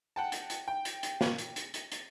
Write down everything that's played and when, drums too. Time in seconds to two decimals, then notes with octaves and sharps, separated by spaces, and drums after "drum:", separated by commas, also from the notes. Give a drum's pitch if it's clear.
0.16 F#5 G5 A5
0.32 drum: hi-hat
0.50 drum: hi-hat
0.68 G5
0.85 drum: hi-hat
1.03 drum: hi-hat
1.21 drum: snare
1.38 drum: hi-hat
1.56 drum: hi-hat
1.74 drum: hi-hat
1.92 drum: hi-hat